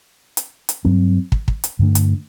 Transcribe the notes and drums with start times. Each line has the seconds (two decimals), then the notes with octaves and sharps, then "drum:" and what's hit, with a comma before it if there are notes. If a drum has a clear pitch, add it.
0.37 drum: hi-hat
0.69 drum: hi-hat
0.85 G2 F#3 C4
1.32 drum: kick
1.48 drum: kick
1.64 drum: hi-hat
1.79 G2 D3 A3 D4
1.95 drum: hi-hat